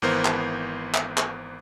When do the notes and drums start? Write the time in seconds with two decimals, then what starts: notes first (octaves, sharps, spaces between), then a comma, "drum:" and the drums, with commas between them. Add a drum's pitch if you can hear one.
0.02 G#1 E3 B3 A#4 C5
0.25 drum: clap
0.94 drum: clap
1.18 drum: clap